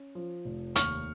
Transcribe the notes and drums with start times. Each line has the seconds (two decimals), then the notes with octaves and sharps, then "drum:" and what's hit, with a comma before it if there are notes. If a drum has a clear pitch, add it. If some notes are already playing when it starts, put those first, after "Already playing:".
Already playing: C#4
0.15 F3
0.45 F1
0.76 D#2 C#6 F6, drum: hi-hat